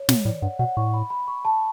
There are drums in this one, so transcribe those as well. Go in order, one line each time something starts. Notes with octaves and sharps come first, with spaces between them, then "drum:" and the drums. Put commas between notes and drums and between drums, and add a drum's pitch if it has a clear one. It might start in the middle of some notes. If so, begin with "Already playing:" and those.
Already playing: C#5
B2, drum: snare
A2 D5
G2 F#5
B2 F#5
A2 C#6
B5
B5
C#6
A5